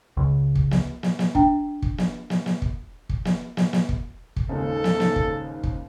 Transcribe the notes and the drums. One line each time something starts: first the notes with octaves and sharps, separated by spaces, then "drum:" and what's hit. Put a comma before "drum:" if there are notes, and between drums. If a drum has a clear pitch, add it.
C#2
drum: kick
drum: snare
drum: snare
drum: snare
D4 G5, drum: kick
drum: kick
drum: snare
drum: snare
drum: snare
drum: kick
drum: kick
drum: snare
drum: snare
drum: snare
drum: kick
drum: kick
D#2 G#2 C#3 A4
drum: snare
drum: snare
drum: kick
drum: kick